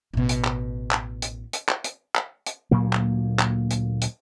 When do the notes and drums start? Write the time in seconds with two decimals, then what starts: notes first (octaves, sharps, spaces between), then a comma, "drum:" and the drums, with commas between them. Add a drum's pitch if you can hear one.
0.13 A1 B2
0.29 drum: hi-hat
0.45 drum: clap
0.91 drum: clap
1.22 drum: hi-hat
1.53 drum: hi-hat
1.69 drum: clap
1.84 drum: hi-hat
2.15 drum: clap
2.46 drum: hi-hat
2.71 D2 A#2 F#3 A#3
2.93 drum: clap
3.39 drum: clap
3.70 drum: hi-hat
4.01 drum: hi-hat